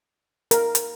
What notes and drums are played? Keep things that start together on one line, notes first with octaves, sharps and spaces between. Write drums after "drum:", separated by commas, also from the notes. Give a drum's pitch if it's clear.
A#4, drum: hi-hat
drum: hi-hat